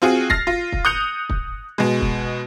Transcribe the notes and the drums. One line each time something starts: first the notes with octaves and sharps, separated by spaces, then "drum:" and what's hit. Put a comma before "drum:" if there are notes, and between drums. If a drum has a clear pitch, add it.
C4 F4 F#4 G#4
F6 A6 A#6 C7, drum: kick
F4
drum: kick
D#6 F#6 G6 C#7 F7
drum: kick
B2 G#3
drum: kick